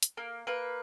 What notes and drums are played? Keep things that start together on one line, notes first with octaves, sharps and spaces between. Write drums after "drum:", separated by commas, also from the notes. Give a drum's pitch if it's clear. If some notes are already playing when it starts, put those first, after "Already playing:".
drum: hi-hat
A#3
A#3 B4